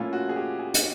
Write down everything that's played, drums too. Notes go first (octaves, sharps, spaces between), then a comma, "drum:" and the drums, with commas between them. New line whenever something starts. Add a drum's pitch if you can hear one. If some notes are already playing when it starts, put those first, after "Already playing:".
Already playing: A#2 F3 A3 C#4 E4 F4
F#4
G#4
G4
G#4
drum: hi-hat